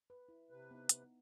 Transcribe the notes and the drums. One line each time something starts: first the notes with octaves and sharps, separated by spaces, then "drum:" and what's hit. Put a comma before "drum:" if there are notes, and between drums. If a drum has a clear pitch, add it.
B4
E4
C3 B4
B3 D#4
drum: hi-hat